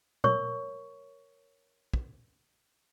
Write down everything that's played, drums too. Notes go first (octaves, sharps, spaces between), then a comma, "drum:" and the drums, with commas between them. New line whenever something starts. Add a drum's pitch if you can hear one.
A#4 C#5 C#6, drum: tom A#2
drum: kick